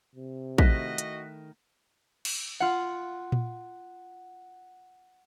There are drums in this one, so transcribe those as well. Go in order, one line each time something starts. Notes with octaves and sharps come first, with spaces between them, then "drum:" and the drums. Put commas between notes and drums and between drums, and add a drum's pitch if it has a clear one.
C3
D#3 A3 E4 F#4 D#5 F#6 A#6 B6, drum: kick
drum: hi-hat
drum: cymbal
F4 F#5
drum: tom A#2